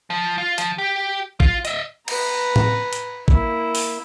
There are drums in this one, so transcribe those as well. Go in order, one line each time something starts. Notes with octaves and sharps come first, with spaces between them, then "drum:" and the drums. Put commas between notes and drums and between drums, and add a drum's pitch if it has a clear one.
F3
F4
F3, drum: hi-hat
G4
F4, drum: kick A1
D#5 E5, drum: hi-hat
B4 A#5, drum: cymbal
drum: tom A2
drum: hi-hat
A#3 E4, drum: kick A1
drum: open hi-hat